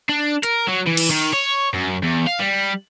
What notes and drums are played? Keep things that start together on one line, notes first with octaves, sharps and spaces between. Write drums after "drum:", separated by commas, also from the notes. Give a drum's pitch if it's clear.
D4
A#4, drum: hi-hat
F#3
E3
drum: cymbal
D#3
C#5
F#2
E2
F5
G3